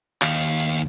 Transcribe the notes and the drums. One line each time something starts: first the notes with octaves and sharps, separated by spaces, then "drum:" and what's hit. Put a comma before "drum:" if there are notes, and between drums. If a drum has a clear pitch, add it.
D#2 F5, drum: clap
drum: hi-hat
drum: hi-hat